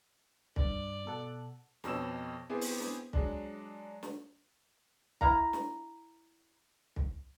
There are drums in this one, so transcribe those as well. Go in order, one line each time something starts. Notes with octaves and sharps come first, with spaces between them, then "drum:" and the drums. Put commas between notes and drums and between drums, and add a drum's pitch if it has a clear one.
G2 D5, drum: kick
B2 A4 F#5
F2 B2 C#5 E6 E7, drum: snare
B3 C4 E4 G4 G#4
drum: open hi-hat
drum: snare
F#3 G#3 D4, drum: kick
drum: snare
E4 F5 A#5, drum: kick
drum: snare
drum: kick